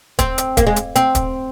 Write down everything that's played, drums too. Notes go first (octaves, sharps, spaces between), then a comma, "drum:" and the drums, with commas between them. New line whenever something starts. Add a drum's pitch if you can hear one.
C4, drum: kick, hi-hat
drum: hi-hat
A#3, drum: kick, hi-hat
G#3
drum: hi-hat
C4, drum: hi-hat
drum: kick, hi-hat